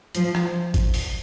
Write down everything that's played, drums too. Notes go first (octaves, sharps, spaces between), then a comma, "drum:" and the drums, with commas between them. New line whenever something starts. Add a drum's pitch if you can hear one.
F3, drum: hi-hat
drum: rim click
drum: kick G#1, hi-hat
drum: open hi-hat